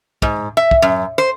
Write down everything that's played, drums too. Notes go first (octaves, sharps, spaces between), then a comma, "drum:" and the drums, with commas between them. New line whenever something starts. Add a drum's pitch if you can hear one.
G#2, drum: kick
E5
drum: kick
F#2
C5